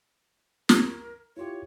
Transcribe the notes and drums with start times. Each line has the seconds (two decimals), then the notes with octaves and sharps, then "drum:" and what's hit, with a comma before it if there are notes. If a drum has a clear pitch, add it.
0.69 A#4, drum: snare
1.37 E4 F4 G4 C#5